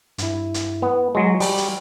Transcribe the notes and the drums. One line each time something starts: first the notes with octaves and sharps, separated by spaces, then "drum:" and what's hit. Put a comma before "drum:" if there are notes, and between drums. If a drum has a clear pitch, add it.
G2 E4, drum: hi-hat
drum: hi-hat
B3
F#3 G#3 F#4 C6 C#6
G3, drum: open hi-hat
drum: hi-hat